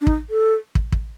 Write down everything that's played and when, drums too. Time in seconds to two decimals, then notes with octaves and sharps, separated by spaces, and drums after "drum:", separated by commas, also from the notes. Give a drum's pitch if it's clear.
0.01 D4
0.07 D#4, drum: kick
0.30 A4
0.75 drum: kick
0.92 drum: kick